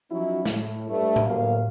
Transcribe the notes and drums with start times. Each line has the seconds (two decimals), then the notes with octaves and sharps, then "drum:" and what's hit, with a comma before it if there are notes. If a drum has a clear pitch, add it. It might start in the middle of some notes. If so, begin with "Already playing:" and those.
0.11 F3 F#3 C#4 D#4 E4 F#4
0.45 A2, drum: snare
0.90 G2 A3
1.16 drum: tom A2
1.26 G1 D2 F#3 A#3 F5